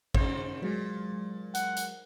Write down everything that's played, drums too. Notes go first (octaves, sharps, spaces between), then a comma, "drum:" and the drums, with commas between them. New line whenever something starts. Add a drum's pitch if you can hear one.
C3 D#3 C5, drum: kick
A#2 F#3 G#3
F#5, drum: hi-hat
drum: hi-hat